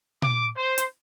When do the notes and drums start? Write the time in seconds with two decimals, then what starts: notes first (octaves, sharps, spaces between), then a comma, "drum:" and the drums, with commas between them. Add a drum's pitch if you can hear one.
0.22 D6, drum: tom A#2
0.56 C5
0.78 drum: hi-hat